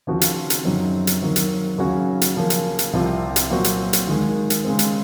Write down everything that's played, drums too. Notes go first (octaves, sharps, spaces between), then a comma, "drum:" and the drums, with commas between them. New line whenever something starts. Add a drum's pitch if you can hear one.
D#2 C#3 F3 C4 F#4
drum: hi-hat
drum: hi-hat
F#2 C#3 F#3 C4 D#4
drum: hi-hat
D#2 D#3 F#3 C4
drum: hi-hat
D#2 C#3 F#3 C#4 F#4
drum: hi-hat
C#3 F3 A#3
drum: hi-hat
drum: hi-hat
C2 C3 F3 C4 F4
drum: hi-hat
A#2 F#3 C4 F#4
drum: hi-hat
drum: hi-hat
D#2 D#3 G#3
drum: hi-hat
C#3 G#3 C4
drum: hi-hat